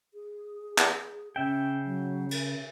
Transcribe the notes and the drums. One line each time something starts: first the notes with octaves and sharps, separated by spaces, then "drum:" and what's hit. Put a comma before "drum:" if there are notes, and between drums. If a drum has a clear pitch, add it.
G#4
drum: clap
C#3 C#4 E5 G5
F#3
A#4, drum: cymbal